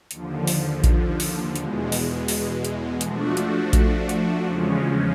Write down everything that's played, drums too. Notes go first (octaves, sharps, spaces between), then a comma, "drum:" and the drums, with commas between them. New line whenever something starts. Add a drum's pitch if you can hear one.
D#2 D3 F3, drum: hi-hat
drum: open hi-hat
drum: kick A#1, hi-hat
drum: open hi-hat
E2 B2 G#3, drum: hi-hat
drum: open hi-hat
drum: open hi-hat
drum: hi-hat
F3 A3 D4 F#4, drum: hi-hat
drum: hi-hat
drum: kick A#1, hi-hat
drum: hi-hat
E2 C#3 F3 G#3 C#4